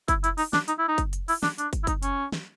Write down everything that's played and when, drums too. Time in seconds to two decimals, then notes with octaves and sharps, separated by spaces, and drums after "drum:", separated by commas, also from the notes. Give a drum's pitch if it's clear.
0.08 E4, drum: kick, hi-hat
0.24 E4, drum: hi-hat
0.38 D#4, drum: open hi-hat
0.53 D4, drum: snare
0.68 D#4, drum: hi-hat
0.78 E4
0.88 D#4
0.98 drum: kick, hi-hat
1.13 drum: hi-hat
1.28 E4, drum: open hi-hat
1.43 D4, drum: snare
1.58 D4, drum: hi-hat
1.73 drum: kick, hi-hat
1.83 E4
1.87 D#4, drum: kick, hi-hat
2.03 C#4, drum: hi-hat
2.32 drum: snare